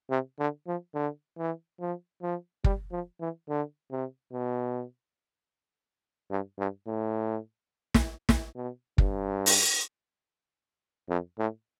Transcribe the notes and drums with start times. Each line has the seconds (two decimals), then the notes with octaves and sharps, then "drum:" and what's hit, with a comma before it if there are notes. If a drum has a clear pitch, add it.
0.10 C3
0.39 D3
0.67 F3
0.95 D3
1.38 E3
1.80 F3
2.22 F3
2.64 G3, drum: kick
2.92 F3
3.21 E3
3.49 D3
3.91 C3
4.33 B2
6.31 G2
6.58 G2
6.87 A2
7.94 drum: snare
8.29 drum: snare
8.56 B2
8.98 G2, drum: kick
9.46 drum: open hi-hat
11.09 F2
11.39 A2